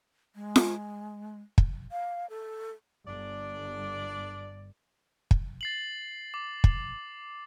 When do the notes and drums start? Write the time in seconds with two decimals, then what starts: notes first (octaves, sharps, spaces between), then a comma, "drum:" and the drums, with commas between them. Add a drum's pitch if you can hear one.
0.35 G#3
0.56 drum: snare F4
1.58 drum: kick
1.91 F5
2.30 A4
3.07 G1 D4 D5
5.31 drum: kick
5.61 A6 C7 F#7
6.34 D6
6.64 drum: kick